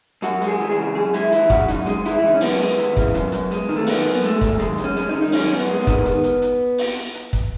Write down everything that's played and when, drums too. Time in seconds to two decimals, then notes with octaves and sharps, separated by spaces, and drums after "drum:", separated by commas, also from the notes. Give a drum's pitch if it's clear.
0.22 F#2 F#4, drum: hi-hat
0.41 G#3, drum: hi-hat
0.48 G#4
0.60 E3
0.71 G#4
0.77 C#3
0.95 F#2 G#4
1.14 G#3 E4, drum: hi-hat
1.32 E3 E4, drum: hi-hat
1.50 C#3 F#4, drum: kick, hi-hat
1.68 F#2 D#4, drum: hi-hat
1.86 G#3, drum: hi-hat
2.05 E3 E4, drum: hi-hat
2.19 E4
2.24 C#3 D#4
2.34 C#4
2.41 F#2 B3, drum: open hi-hat
2.60 G#3, drum: hi-hat
2.78 E3, drum: hi-hat
2.97 C#3, drum: kick, hi-hat
3.15 F#2, drum: hi-hat
3.32 F#2, drum: hi-hat
3.51 G#3, drum: hi-hat
3.69 D#3
3.76 A3
3.87 F#2 B3, drum: open hi-hat
4.05 F#2
4.15 B3
4.23 G#3 A3, drum: hi-hat
4.41 D#3, drum: kick, hi-hat
4.59 F#2 G#3, drum: hi-hat
4.78 F#2, drum: hi-hat
4.84 C#4
4.96 G#3, drum: hi-hat
5.09 D#4
5.14 D#3
5.22 D#4
5.32 F#2 C#4, drum: open hi-hat
5.47 F#2 C#4
5.56 B3
5.69 G#3
5.81 B3
5.87 D#3, drum: kick, hi-hat
6.05 drum: hi-hat
6.24 drum: hi-hat
6.42 drum: hi-hat
6.78 drum: open hi-hat
6.96 drum: hi-hat
7.15 drum: hi-hat
7.33 drum: kick, hi-hat